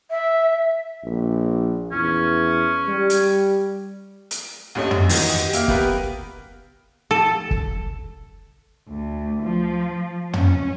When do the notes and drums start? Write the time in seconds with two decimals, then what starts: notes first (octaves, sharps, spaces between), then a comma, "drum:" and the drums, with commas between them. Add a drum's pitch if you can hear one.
0.10 E5
1.04 A#1
1.92 E2 C#4
2.88 G3
3.10 drum: hi-hat
4.31 drum: hi-hat
4.75 D2 G2 A3 C#4 D#5
4.91 F#2, drum: tom
5.09 D#3 E3 D#4 F#4, drum: open hi-hat
5.38 G4
5.53 A#3 E5 F5 F6, drum: hi-hat
5.68 B3 G4 A#4 B4, drum: kick
7.11 A4
7.51 drum: kick
8.89 D2
9.43 F3
10.33 C#4, drum: tom